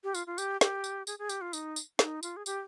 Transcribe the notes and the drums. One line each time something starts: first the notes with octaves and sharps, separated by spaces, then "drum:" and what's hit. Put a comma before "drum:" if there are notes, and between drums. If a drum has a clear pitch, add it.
G4
F4, drum: tambourine
F4
G4, drum: tambourine
G4, drum: snare
drum: tambourine
G#4, drum: tambourine
G#4
G4, drum: tambourine
F4
D#4, drum: tambourine
drum: tambourine
D#4, drum: snare
F4, drum: tambourine
G#4
G4, drum: tambourine